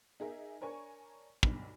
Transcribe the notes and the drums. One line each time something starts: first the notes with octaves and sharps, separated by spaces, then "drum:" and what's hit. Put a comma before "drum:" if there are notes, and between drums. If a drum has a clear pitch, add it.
D#4 G#4 A#4 E5
D4 A#4 C#5 G#5 C#6
B1 G2, drum: kick